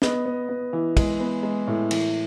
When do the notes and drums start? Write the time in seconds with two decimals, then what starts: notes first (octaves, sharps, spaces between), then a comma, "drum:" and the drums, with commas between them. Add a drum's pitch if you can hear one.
0.02 B3 D#5, drum: snare
0.25 B3
0.49 B3
0.73 E3
0.97 G#3, drum: kick, cymbal
1.20 B3
1.43 G#3
1.67 A2
1.91 E3, drum: cymbal